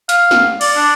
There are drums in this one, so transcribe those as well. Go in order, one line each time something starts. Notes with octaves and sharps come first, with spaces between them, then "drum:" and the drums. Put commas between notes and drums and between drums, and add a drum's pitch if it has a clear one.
F5, drum: hi-hat
drum: snare
D5, drum: cymbal
D4